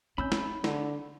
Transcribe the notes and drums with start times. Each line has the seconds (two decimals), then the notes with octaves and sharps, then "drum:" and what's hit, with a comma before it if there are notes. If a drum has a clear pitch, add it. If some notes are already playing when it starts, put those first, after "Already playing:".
0.18 C4 C#4 D#4 B5 E6 G6
0.32 drum: snare
0.64 D3, drum: snare